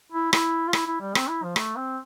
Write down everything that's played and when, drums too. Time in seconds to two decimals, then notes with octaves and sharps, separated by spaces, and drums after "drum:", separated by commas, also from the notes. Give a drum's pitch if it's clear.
0.12 E4
0.33 E4, drum: rim click
0.68 F4
0.73 E4, drum: rim click
0.87 E4
1.01 G3
1.15 C4, drum: rim click
1.28 E4
1.43 F3
1.56 A3, drum: rim click
1.76 C4